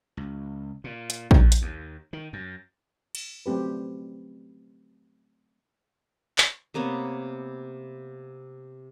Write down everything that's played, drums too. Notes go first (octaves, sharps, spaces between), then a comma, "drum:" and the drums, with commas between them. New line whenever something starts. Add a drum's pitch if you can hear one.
C#2
A#2
drum: hi-hat
E2, drum: kick A#1
drum: hi-hat
D#2
D#3
F#2
drum: cymbal
F#3 A3 C4 G4 B4
drum: clap
C3 A#3 B3 C#5